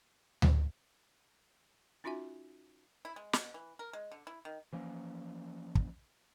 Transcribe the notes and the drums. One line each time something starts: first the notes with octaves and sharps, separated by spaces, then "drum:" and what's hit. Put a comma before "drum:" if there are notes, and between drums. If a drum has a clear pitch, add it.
drum: tom D2
C#4 D#4 F4 F#4 E5 G#5
E4
G#3
B2, drum: snare
E3
A#4
G#3
D3
E4
D#3
E3 F3 A#3 C#4
drum: kick